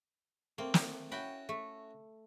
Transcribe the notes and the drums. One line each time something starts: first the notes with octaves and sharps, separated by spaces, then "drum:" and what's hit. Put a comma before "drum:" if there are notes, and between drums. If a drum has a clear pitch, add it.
A3 A#3 C4
drum: snare
C#4 E4 F#4 G5 B5
A3